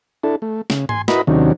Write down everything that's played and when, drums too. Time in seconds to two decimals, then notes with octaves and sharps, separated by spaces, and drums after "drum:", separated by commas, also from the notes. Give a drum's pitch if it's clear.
0.23 D4 E4 A4
0.42 A3
0.70 C#3, drum: snare
0.89 G#5 C6, drum: tom G#2
1.08 E4 F#4 A#4 B4 D#5 B5, drum: snare
1.27 D#2 C3 D#3 F#3 C#4 D4